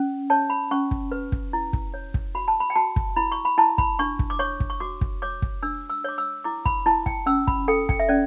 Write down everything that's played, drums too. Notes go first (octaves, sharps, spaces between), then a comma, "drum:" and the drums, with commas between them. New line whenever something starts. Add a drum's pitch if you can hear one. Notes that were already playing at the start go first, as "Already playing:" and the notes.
Already playing: C#4
C#5 A5
B5
C#4 C#6
drum: kick
B4
drum: kick
E4
drum: kick
C#5
drum: kick
F#4 B5
A5
B5
G5
F#4 A5
drum: kick
E4 B5
C#6
B5
E4 A5
B5, drum: kick
D4 C#6
drum: kick
D6
C#5 C#6
drum: kick
C#6
F#4 D6
drum: kick
C#5 D6
drum: kick
D4 E6
E6
C#5 D6
E6
E4 D6
B5, drum: kick
E4 A5
G5, drum: kick
C#4 E6
B5, drum: kick
A4 G5
G5, drum: kick
E5
C#4 D5